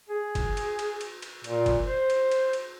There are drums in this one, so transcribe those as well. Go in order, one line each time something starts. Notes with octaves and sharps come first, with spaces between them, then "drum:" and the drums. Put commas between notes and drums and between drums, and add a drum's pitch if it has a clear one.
G#4
drum: kick F#1, cymbal
drum: cymbal
drum: cymbal
drum: cymbal
drum: cymbal
A#2, drum: cymbal
drum: kick F#1, cymbal
C5
drum: cymbal
drum: cymbal
drum: cymbal